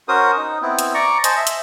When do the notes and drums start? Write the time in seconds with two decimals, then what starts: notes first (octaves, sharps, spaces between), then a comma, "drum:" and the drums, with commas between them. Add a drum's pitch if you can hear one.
0.08 C#4 F#4 A#4 C5 D#6
0.37 D#4
0.62 B3 C4 E4
0.79 drum: hi-hat
0.94 D5 A#5 C#6
1.24 C5 D#5 G#5 A5, drum: hi-hat
1.37 E5
1.47 drum: hi-hat